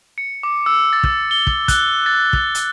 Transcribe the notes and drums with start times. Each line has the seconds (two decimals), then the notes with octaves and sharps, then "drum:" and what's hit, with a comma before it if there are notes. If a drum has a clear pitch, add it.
0.18 C#7
0.43 D6
0.66 E6
0.93 A6
1.03 drum: kick
1.31 G7
1.47 drum: kick
1.68 F#6, drum: kick, hi-hat
2.06 A6
2.33 drum: kick
2.55 drum: hi-hat